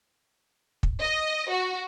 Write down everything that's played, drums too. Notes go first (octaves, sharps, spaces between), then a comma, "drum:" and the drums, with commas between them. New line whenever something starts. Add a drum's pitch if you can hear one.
drum: kick
D#5
F#4